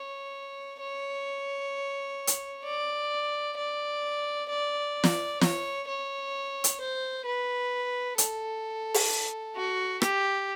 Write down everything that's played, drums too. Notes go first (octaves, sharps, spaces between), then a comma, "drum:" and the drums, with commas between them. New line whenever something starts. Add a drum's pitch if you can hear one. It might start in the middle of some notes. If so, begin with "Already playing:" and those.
Already playing: C#5
C#5
drum: hi-hat
D5
D5
D5
drum: snare
C#5, drum: snare
C#5
drum: hi-hat
C5
B4
A4, drum: hi-hat
drum: open hi-hat
F#4
G4, drum: rim click